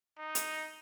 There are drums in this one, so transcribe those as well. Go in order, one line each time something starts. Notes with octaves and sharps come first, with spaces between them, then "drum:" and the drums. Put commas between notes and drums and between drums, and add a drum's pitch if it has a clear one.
D#4
drum: hi-hat